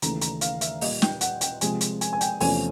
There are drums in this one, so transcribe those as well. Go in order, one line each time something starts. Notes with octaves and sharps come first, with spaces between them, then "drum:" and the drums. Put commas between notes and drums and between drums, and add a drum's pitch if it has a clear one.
D#2 C#3 E3 A3 A#5, drum: hi-hat
A#5, drum: hi-hat
F5, drum: hi-hat
E5, drum: hi-hat
A#2 G3 A#3 D#5, drum: open hi-hat
G5, drum: snare
F#5, drum: hi-hat
G5, drum: hi-hat
C3 F3 G#3 G#5, drum: hi-hat
drum: hi-hat
G#5, drum: hi-hat
G#5
G5, drum: hi-hat
E2 C3 F3 A3 C#4 G#5, drum: open hi-hat